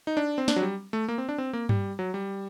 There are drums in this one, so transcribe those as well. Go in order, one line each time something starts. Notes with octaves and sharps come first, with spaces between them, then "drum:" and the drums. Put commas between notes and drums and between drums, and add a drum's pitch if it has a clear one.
D#4
D4
C4
D4, drum: snare
F#3
G3
A3
A#3
C4
D4
C4
A#3
G3, drum: tom G2
F#3
G3